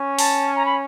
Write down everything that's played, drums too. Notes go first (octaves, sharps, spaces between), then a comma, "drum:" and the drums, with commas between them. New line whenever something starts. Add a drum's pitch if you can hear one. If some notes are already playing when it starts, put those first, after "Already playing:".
Already playing: C#4
A5, drum: open hi-hat
A#5
B5